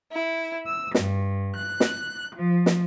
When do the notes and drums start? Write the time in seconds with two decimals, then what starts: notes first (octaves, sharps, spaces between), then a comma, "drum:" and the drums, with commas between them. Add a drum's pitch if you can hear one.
0.12 E4
0.66 E6
0.94 G2, drum: snare
1.56 F#6
1.80 drum: snare
2.36 F3
2.66 drum: snare